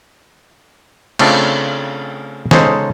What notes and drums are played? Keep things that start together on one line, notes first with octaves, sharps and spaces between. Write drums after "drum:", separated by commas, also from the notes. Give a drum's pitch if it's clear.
C#3 A3 C4 D4 F4, drum: cymbal
C#3 G#3 D#4 A4 C5, drum: snare